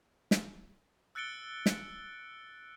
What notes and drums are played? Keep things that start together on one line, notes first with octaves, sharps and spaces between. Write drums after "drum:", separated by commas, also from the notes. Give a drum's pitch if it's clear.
drum: snare
E6 F#6 A6 C#7 D7 G7
drum: snare